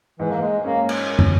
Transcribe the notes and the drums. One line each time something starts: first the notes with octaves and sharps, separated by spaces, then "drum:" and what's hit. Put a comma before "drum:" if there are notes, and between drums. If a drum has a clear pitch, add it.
G#2 E3
A#3
G#3
A#3 C#4
drum: cymbal
drum: tom